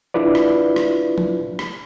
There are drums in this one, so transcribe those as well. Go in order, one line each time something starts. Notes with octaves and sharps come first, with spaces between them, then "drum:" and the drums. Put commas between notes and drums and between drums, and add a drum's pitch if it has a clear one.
D4 E4 F4 B4 D5
drum: rim click
drum: rim click
drum: tom
drum: rim click